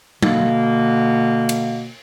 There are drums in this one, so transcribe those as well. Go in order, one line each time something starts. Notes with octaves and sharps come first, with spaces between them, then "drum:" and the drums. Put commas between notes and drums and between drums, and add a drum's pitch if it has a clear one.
B2 D3 A#3, drum: tom
drum: cymbal